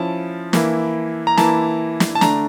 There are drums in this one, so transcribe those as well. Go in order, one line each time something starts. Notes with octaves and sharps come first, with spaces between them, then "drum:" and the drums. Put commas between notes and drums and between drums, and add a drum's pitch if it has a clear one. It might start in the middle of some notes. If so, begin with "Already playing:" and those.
Already playing: F3 C#4 E4 A5
E3 A#3 E4, drum: snare
A#5
E3 A#3 E4 A5, drum: snare
drum: snare
A5
D3 A3 D4 A#5, drum: snare